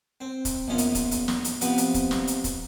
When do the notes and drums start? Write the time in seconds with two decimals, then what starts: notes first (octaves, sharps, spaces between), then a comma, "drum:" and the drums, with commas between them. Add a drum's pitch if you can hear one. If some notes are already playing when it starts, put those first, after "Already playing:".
0.21 C4
0.45 drum: kick, hi-hat
0.68 A#1 E2 C#4 F4
0.78 drum: hi-hat
0.95 drum: kick, hi-hat
1.11 drum: hi-hat
1.28 drum: snare
1.45 drum: hi-hat
1.61 C3 F3 B3, drum: hi-hat
1.78 drum: hi-hat
1.94 drum: kick, hi-hat
2.11 drum: snare
2.27 drum: hi-hat
2.44 drum: kick, hi-hat